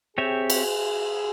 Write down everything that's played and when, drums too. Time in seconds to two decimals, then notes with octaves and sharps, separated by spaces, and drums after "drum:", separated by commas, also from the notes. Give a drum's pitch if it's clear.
0.17 C4 G4 G#4 C#5 E5
0.50 drum: cymbal